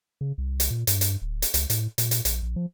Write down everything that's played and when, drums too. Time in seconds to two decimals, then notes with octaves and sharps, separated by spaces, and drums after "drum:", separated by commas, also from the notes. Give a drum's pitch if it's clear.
0.21 C#3
0.38 C2
0.60 drum: hi-hat
0.70 A#2
0.87 G2, drum: hi-hat
1.01 drum: hi-hat
1.22 D1
1.42 drum: hi-hat
1.54 C#2, drum: hi-hat
1.70 A2, drum: hi-hat
1.98 A#2, drum: hi-hat
2.11 drum: hi-hat
2.25 A#1, drum: hi-hat
2.42 A#1
2.56 F3